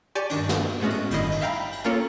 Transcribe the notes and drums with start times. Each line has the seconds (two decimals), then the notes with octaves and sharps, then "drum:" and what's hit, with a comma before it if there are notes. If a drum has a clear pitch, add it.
0.15 G4 D5 G#5 A5 C#6 D6
0.30 G2 D#3 D4, drum: cymbal
0.49 drum: snare
0.80 A2 G#3 B3 C#4 F#4
0.90 drum: cymbal
1.11 G1 G2 D#3 E4 D#5 C7, drum: cymbal
1.31 drum: cymbal
1.41 E5 F5 G5 A#5 B5
1.52 drum: cymbal
1.73 drum: cymbal
1.84 A#3 C#4 F4 A4 C#5